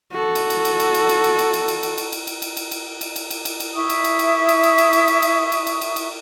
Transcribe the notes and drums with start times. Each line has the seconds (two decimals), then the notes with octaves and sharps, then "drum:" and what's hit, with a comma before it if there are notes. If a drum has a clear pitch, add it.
0.12 F#4 A4
0.35 drum: cymbal
0.50 drum: cymbal
0.65 drum: cymbal
0.80 drum: cymbal
0.94 drum: cymbal
1.09 drum: cymbal
1.24 drum: cymbal
1.39 drum: cymbal
1.53 drum: cymbal
1.68 drum: cymbal
1.83 drum: cymbal
1.98 drum: cymbal
2.12 drum: cymbal
2.27 drum: cymbal
2.42 drum: cymbal
2.57 drum: cymbal
2.71 drum: cymbal
3.01 drum: cymbal
3.16 drum: cymbal
3.30 drum: cymbal
3.45 drum: cymbal
3.60 drum: cymbal
3.75 E4 E5 C#6 D#6
3.90 drum: cymbal
4.04 drum: cymbal
4.19 drum: cymbal
4.49 drum: cymbal
4.63 drum: cymbal
4.78 drum: cymbal
4.93 drum: cymbal
5.08 drum: cymbal
5.22 drum: cymbal
5.52 drum: cymbal
5.67 drum: cymbal
5.81 drum: cymbal
5.96 drum: cymbal